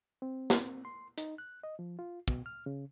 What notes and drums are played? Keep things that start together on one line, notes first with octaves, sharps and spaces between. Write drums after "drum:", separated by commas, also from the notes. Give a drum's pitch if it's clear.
C4
drum: snare
C6
D#4, drum: hi-hat
F#6
D#5
F3
F4
B2, drum: kick
F6
C#3